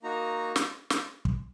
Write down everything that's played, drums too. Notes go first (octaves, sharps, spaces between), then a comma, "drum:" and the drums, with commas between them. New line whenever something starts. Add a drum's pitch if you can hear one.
A#3 D#4 F#4 A#5
drum: snare
drum: snare
drum: kick